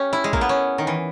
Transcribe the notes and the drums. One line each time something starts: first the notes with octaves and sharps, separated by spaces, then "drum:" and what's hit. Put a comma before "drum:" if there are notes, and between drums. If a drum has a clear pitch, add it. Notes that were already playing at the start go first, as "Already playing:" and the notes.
Already playing: C#4 G4
E4
G#3
A#3, drum: kick A#1
B3
C#4
D#3
E3